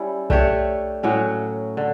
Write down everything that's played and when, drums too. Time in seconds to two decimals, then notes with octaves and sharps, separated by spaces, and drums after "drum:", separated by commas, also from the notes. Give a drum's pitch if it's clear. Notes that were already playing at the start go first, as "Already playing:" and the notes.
Already playing: G3 C#4 E4
0.30 A3 D4 G4 C#5, drum: kick B1
1.03 A2 F#3 C#4 F#4
1.77 D3